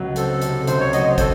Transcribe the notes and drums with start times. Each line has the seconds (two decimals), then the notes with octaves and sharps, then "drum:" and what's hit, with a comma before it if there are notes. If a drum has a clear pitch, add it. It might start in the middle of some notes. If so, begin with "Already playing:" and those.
Already playing: C#2 F#3
0.16 C4 A4, drum: hi-hat
0.42 C3, drum: hi-hat
0.67 C#2 C5, drum: hi-hat
0.80 C#5
0.93 F#3 D#5, drum: hi-hat
1.06 C5
1.18 C4 A4, drum: kick, hi-hat